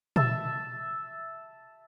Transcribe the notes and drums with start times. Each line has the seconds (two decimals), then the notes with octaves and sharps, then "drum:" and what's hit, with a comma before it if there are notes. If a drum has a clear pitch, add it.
0.16 E5 A5, drum: tom A#2